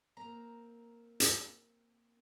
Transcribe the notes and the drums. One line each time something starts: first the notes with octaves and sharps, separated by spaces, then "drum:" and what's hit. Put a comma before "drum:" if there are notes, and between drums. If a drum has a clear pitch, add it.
A#3 C4 A#5
drum: hi-hat